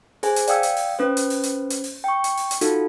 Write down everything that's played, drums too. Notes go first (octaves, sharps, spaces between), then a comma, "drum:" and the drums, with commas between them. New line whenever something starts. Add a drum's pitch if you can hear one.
G#4 C5 G#5, drum: open hi-hat
drum: hi-hat
D5 F5 G5 D#6 E6 G#6, drum: hi-hat
drum: hi-hat
drum: open hi-hat
C#4 B4 C5
drum: hi-hat
drum: open hi-hat
drum: hi-hat
drum: hi-hat
drum: open hi-hat
G5 C#6
drum: hi-hat
drum: open hi-hat
drum: hi-hat
D#4 F4 F#4 A4, drum: hi-hat